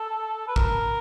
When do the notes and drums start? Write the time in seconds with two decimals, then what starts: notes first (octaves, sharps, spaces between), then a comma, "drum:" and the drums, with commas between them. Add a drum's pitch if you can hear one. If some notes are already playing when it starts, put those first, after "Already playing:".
Already playing: A4
0.48 B4
0.56 A#4, drum: kick